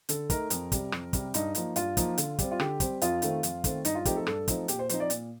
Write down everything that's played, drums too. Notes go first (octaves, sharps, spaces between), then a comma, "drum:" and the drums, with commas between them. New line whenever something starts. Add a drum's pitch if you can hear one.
D3 A4, drum: hi-hat
A3 D#4 A#4, drum: kick, hi-hat
F2, drum: hi-hat
C3 G3, drum: kick, hi-hat
F2, drum: rim click
C3 G3, drum: kick, hi-hat
G2 D#4, drum: hi-hat
F3 A#3 D#4, drum: hi-hat
G2 F4, drum: hi-hat
F3 A#3 D#4, drum: kick, hi-hat
D3, drum: hi-hat
G3 C4, drum: kick, hi-hat
F4
D3 G4, drum: rim click
G3 C4, drum: kick, hi-hat
F2 F4, drum: hi-hat
D#3 A3 C4, drum: hi-hat
F2, drum: hi-hat
D#3 A3 C4, drum: kick, hi-hat
G2 D#4, drum: hi-hat
F4
F3 A3 C4 D#4 G4, drum: kick, hi-hat
A4
G2 A4, drum: rim click
F3 A3 C4 D#4, drum: kick, hi-hat
A#2 G4, drum: hi-hat
C5
F3 C4 D#4 C5, drum: hi-hat
D5
A#2, drum: hi-hat